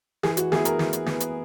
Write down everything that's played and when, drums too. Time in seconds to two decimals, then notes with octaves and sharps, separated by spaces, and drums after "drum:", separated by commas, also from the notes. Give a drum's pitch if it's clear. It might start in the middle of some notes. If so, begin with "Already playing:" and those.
0.23 E3 G#4, drum: snare
0.37 F#4, drum: hi-hat
0.52 B3 E4 G#4, drum: snare
0.65 A#4, drum: hi-hat
0.79 E3, drum: snare
0.93 drum: hi-hat
1.06 B3 E4, drum: snare
1.20 drum: hi-hat